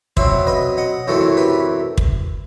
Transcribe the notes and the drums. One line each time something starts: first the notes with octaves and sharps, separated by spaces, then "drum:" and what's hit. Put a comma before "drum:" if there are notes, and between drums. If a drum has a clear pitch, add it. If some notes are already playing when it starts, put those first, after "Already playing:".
B2 F#3 C4 C5 E5, drum: kick
B4 D#5
D#5 F#5
F#2 E3 A3 C4 F#4 A4
G4 B4
drum: kick